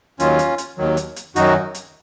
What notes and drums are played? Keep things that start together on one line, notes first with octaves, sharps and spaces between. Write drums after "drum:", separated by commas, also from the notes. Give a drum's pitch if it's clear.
D#2 D#3 F#3 C#4 F4, drum: hi-hat
drum: hi-hat
drum: hi-hat
D#2 D#3 F#3
drum: hi-hat
drum: hi-hat
F#2 D#3 F#3 D#4 F#4, drum: hi-hat
drum: hi-hat